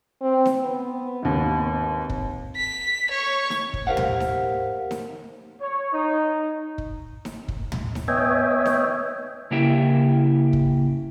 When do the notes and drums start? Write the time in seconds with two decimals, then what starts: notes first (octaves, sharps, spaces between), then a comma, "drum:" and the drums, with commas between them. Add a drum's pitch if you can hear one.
0.22 C4
0.46 drum: snare D#4
0.62 B3
1.23 G#1 D#2
2.10 drum: kick
2.56 B6
3.11 C#5 C#6
3.50 drum: snare D#4
3.74 drum: kick
3.87 G4 A#4 C5 F5 F#5
3.97 drum: tom
4.20 drum: snare D#4
4.91 drum: snare D#4
5.60 C#5
5.92 D#4
6.78 drum: kick
7.25 drum: snare D#4
7.48 drum: kick
7.72 drum: tom
7.95 drum: snare D#4
8.08 B3 C#5 D#5 E5 G5 G#5
8.66 drum: snare D#4
9.51 C#3 A#3 E4 G4 E5
10.53 drum: kick